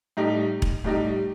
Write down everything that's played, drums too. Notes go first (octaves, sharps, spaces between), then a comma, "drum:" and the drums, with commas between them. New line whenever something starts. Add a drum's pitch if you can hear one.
A2 G3 D#4 G4
drum: kick E1
A2 G3 D#4 G4